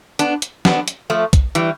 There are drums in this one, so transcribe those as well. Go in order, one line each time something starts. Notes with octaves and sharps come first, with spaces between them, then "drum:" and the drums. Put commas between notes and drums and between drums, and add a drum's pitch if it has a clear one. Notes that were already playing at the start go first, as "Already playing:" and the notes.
B3 D4, drum: hi-hat
drum: hi-hat
B3 D4, drum: snare
drum: hi-hat
F3 A3
drum: kick C2, hi-hat
E3 G3, drum: hi-hat